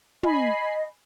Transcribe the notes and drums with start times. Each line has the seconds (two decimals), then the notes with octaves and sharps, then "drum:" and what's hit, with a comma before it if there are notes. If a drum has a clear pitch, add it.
0.23 D#5 G#5 B5 C7, drum: tom